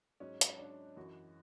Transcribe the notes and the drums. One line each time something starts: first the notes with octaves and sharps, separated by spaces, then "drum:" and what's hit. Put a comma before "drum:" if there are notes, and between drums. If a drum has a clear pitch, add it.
G#2 F#3 C#4
drum: hi-hat
D4
F#2 E3 F#4